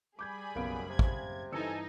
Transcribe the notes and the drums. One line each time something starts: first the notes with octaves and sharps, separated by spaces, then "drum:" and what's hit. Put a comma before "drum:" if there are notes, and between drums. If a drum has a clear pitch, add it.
G3 G#4 B5 D6 G6 G#6
F#1 B1 F#2 B3 F5 D7
C3 G#6
drum: kick
G2 E3 D#4 A4 G#5 E6 C#7